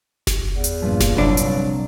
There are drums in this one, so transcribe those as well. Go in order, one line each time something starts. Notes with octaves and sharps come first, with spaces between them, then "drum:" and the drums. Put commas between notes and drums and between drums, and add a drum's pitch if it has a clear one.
drum: snare F#1
E2
drum: hi-hat
G2 A#2 F3
drum: snare F#1
C2 F#3 D4
drum: hi-hat